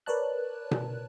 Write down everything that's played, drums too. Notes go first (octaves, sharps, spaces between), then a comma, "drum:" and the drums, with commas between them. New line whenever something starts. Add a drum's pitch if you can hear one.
A#4 B4 C#5 D5 A5 F#6
drum: tom B2